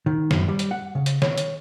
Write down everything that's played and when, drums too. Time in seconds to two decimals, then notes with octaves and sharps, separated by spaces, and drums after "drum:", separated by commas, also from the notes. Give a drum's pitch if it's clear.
0.06 D#3
0.31 F#2, drum: snare
0.48 G3
0.59 drum: hi-hat
0.71 F#5
0.95 C#3
1.06 drum: hi-hat
1.22 C#5, drum: snare
1.38 drum: hi-hat